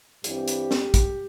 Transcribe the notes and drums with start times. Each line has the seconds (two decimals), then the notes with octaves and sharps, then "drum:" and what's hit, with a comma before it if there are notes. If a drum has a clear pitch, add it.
0.24 G2 E3 G3 C4 G4, drum: hi-hat
0.48 drum: hi-hat
0.71 drum: snare
0.94 drum: kick, hi-hat